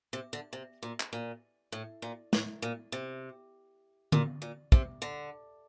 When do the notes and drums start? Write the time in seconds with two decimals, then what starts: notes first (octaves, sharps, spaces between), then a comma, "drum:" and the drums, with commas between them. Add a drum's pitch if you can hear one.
0.13 C3
0.33 D3
0.53 C3
0.83 A#2
1.00 drum: clap
1.13 A#2
1.72 A2
2.02 A#2
2.33 A2, drum: snare
2.62 A#2
2.92 C3
4.12 A#2, drum: tom D3
4.42 A#2
4.72 C3, drum: kick
5.02 D3